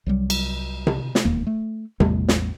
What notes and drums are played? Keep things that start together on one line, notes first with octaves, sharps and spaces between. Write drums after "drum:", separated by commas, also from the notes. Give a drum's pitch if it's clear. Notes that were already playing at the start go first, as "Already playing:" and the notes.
C2 F#3 G3
drum: cymbal
drum: tom C3
drum: snare
E1 D#2 A#3
A3
A1 E2 G3 A3, drum: tom C3
drum: snare